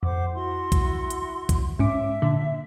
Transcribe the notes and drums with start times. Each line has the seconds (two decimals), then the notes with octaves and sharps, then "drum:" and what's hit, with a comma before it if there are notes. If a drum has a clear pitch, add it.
0.03 F2 C5 F#5 D6
0.33 E4 F#4 C6
0.72 drum: kick B1, hi-hat
1.10 drum: hi-hat
1.49 drum: kick B1, hi-hat
1.79 G#2 C#4 E5 D6
2.22 A#2 D3